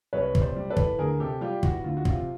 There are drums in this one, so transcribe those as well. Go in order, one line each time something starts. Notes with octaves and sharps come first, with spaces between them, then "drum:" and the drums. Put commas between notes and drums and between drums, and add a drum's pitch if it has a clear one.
C2 B4 C#5
C3, drum: kick
C5 D5
G3
A4 B4
E3, drum: kick
D2 G#4 A#4
C3 G4 A4
G3 F4 G4
E3 F#4, drum: kick
D2 F4
F#4
C3 F4, drum: kick